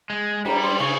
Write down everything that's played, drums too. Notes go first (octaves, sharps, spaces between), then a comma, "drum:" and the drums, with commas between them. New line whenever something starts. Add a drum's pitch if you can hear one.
G#3
G3 A#5, drum: cymbal
C6
C#3 C#6